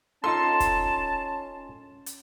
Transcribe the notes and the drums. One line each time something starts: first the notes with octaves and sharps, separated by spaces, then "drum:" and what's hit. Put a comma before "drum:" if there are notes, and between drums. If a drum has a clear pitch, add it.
C#4 D#4 F4 A4 A5 C6
drum: kick, hi-hat
drum: hi-hat